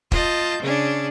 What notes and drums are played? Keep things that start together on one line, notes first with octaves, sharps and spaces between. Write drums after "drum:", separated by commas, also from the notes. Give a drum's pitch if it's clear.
F4 D#5 A5 G6, drum: kick
C#3 C#4 D4